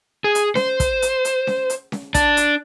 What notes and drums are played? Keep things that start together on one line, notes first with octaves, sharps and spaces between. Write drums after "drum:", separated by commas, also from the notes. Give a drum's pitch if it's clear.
G#4
drum: hi-hat
C5, drum: snare C#4
drum: kick, hi-hat
drum: hi-hat
drum: hi-hat
drum: snare C#4
drum: hi-hat
drum: snare C#4
D4, drum: kick, hi-hat
drum: hi-hat